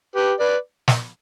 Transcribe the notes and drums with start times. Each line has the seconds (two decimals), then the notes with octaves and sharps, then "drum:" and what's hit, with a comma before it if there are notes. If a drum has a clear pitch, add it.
0.16 G4 B4
0.39 B4 D5
0.88 drum: snare